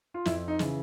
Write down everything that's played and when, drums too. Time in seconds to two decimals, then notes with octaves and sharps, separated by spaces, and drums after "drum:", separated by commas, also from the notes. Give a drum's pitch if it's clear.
0.14 F4
0.25 F2 E4, drum: snare
0.48 D#4
0.59 C#3 E3, drum: snare